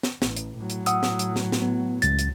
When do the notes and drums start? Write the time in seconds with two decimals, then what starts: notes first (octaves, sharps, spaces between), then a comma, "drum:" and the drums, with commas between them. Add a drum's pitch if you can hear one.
0.03 drum: snare
0.22 A1, drum: snare
0.37 drum: hi-hat
0.58 A2 F#3
0.70 drum: hi-hat
0.86 F#5 D#6 E6, drum: hi-hat
1.03 drum: snare
1.19 drum: hi-hat
1.36 drum: snare
1.52 drum: snare
1.62 B3
2.02 C#2 A6, drum: hi-hat
2.19 drum: hi-hat